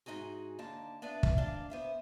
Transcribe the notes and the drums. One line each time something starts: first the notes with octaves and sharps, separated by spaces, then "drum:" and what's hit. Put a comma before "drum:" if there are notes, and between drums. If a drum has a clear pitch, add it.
G#2 C3 D#4 F#4 G#4
D#2 D3 A#3 A5
B3 D4 B4 D5 E5
drum: kick
G#2 D4 F5
B3 C5 E5